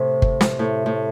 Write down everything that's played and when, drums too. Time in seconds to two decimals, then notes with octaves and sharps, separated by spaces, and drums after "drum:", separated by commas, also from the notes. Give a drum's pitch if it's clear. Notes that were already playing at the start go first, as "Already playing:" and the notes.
Already playing: A2 C3
0.22 drum: kick G1
0.41 drum: snare
0.59 A2
0.86 A2